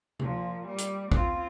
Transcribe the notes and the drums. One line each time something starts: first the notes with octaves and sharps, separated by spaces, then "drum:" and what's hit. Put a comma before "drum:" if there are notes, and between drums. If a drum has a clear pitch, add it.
A#2 F3, drum: tom C3
G3
drum: hi-hat
C4 F4, drum: kick A1